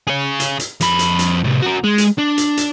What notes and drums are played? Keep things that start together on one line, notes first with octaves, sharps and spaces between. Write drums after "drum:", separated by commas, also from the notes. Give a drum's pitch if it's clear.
G#4 C#5
drum: hi-hat
drum: hi-hat
F2 B5, drum: hi-hat
drum: hi-hat
drum: hi-hat
A2 C3
F#4 A#4
G#3
drum: hi-hat
D4
drum: hi-hat
drum: hi-hat